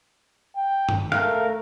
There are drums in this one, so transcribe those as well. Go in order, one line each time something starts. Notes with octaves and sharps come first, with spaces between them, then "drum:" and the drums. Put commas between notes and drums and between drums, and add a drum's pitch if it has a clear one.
G5
drum: tom G2
A3 A#4 F5, drum: rim click